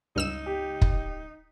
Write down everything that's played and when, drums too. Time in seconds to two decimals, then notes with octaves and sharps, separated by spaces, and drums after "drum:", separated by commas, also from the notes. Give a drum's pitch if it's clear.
0.16 C#2 G2 D#4 E6 E7
0.46 G4
0.82 drum: kick